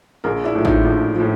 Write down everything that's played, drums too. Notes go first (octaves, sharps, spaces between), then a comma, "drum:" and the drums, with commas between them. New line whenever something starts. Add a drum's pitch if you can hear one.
A#1 G#4 A#4
D4 E4
A2 F3
D#4 F4, drum: kick G#1
A#1
A2 F3